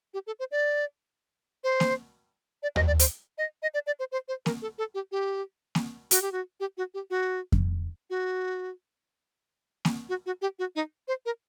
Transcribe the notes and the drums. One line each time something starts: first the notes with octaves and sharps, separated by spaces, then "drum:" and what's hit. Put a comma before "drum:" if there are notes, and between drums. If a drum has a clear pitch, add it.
G4
A4
C5
D5
C5
drum: snare A#3
D5
D#5, drum: tom D#2
D5
C5, drum: hi-hat
D#5
D#5
D5
D5
C5
C5
C5
A#4, drum: snare A#3
A4
A4
G4
G4
drum: snare A#3
F#4, drum: hi-hat
G4
F#4
G4
F#4
G4
F#4
drum: kick F2
F#4
drum: snare A#3
F#4
F#4
G4
F#4
D#4
C5
A#4